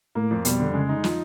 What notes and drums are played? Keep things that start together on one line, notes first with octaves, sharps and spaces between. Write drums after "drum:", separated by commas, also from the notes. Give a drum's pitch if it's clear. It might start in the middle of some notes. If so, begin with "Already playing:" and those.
A2 A#3
F2
B2 G3, drum: hi-hat
D3
C#3 G#3
D#4
F3, drum: snare